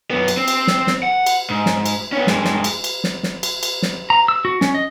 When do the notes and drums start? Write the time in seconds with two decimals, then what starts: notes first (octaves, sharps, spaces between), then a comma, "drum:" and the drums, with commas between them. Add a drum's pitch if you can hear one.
0.11 F#2 B3
0.28 drum: cymbal
0.37 C4
0.48 drum: cymbal
0.67 drum: snare
0.87 drum: snare
1.03 F#5
1.26 drum: cymbal
1.50 G#2
1.66 drum: snare
1.86 drum: cymbal
2.12 B3 C#4
2.27 G2 G#3, drum: snare
2.45 drum: snare
2.64 drum: cymbal
2.84 drum: cymbal
3.04 drum: snare
3.23 drum: snare
3.43 drum: cymbal
3.63 drum: cymbal
3.82 drum: snare
4.10 A#5
4.28 E6
4.45 F#4
4.61 C#4, drum: snare
4.74 D#5